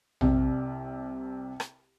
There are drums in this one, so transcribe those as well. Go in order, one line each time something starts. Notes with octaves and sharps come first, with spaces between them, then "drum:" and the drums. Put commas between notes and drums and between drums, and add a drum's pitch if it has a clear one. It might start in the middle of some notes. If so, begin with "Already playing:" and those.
C2 C3, drum: tom A#1
drum: rim click